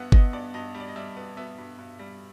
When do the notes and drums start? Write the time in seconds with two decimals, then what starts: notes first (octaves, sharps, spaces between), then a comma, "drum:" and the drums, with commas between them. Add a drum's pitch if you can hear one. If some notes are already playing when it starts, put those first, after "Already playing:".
Already playing: G2 B3 E5 F#5
0.12 B3 D#5, drum: kick G1
0.33 G2 D5
0.54 G2 D#5
0.75 G3
0.80 D5
0.88 D#5
0.96 G3 E5
1.17 B3
1.37 B3 E5
1.58 G2
1.78 G2
1.99 G3